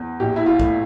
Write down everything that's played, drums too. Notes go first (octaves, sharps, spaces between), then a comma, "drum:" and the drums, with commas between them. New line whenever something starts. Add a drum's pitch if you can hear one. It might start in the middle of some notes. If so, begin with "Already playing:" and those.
Already playing: E2
A#1 G4
E4
F4
A2, drum: kick